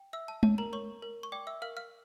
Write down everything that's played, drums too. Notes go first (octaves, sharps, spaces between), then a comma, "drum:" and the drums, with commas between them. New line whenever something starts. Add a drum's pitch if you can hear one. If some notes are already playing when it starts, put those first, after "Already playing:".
Already playing: G5
E5 E6
A5
C#5 A5, drum: tom G#3
A#4 A#5
A#4 C#5 C#6
A#4
C#6
D5 G5 D6
E5 E6
A#4 F5 F6
F5 F6